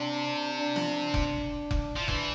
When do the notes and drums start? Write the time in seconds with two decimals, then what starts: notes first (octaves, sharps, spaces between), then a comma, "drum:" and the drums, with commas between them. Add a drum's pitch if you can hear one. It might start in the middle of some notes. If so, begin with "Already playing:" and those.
Already playing: C3 D4
0.57 D4
0.76 drum: snare
1.14 drum: kick F1
1.71 drum: kick F1
1.96 F3 E4
2.08 E3 D4, drum: kick F1